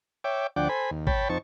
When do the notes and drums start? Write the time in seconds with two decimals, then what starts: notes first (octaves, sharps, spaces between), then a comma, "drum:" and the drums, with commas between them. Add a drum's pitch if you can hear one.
0.24 C#5 E5 G5 D6
0.56 D2 F3 D4 F#5 G5 D6
0.69 A4 C5 G#5 B5
0.91 D#2
1.07 C#5 G5 A5 B5, drum: kick G#1
1.29 F2 C4 D#4 A5 C#6